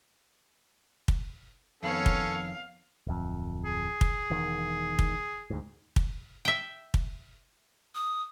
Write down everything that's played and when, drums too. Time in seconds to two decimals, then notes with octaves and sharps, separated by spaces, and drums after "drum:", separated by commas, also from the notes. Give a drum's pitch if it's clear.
1.08 drum: kick
1.83 F2 D#3 B3 C#4 A4 C#5 F5 B5
2.06 drum: kick
3.07 D1 F2
3.65 G#4
4.01 drum: kick
4.30 E1 E2 D#3
4.99 drum: kick
5.50 D2 G#2
5.96 drum: kick
6.45 E5 G5
6.94 drum: kick
7.95 D#6